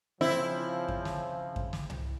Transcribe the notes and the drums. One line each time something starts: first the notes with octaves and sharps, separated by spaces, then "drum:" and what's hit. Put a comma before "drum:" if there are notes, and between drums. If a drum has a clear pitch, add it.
C#3 F3 C4 E4, drum: snare
drum: kick F#2
drum: snare
drum: kick F#2
drum: snare
drum: tom C2